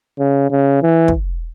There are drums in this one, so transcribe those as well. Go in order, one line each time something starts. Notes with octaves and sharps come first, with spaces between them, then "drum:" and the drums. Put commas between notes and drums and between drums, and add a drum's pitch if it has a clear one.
C#3
C#3
E3
drum: kick